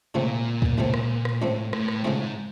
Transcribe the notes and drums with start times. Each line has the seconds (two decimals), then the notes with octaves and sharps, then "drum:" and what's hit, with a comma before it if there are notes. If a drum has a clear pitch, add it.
0.14 C#2 A#2 C#3 F3 A3 C4
0.62 drum: kick
0.78 C#2 C#3 F3 A3 C4
0.94 drum: rim click
1.25 drum: rim click
1.41 C#2 A2 C#3 F3 A3 C4
1.73 A2, drum: rim click
1.88 drum: rim click
2.04 C#2 G#2 C#3 F3 A3 C4